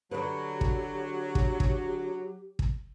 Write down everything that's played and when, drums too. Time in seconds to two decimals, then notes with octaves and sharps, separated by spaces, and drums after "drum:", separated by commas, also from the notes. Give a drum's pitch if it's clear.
0.11 D3 F#3 G4 B4
0.61 drum: kick
1.35 drum: kick
1.60 drum: kick
2.59 drum: kick